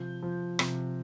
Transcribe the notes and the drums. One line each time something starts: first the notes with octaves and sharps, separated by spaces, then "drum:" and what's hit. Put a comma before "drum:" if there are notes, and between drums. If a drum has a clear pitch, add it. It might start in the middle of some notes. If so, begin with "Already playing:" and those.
Already playing: C3 F3 G6
F3
C3, drum: rim click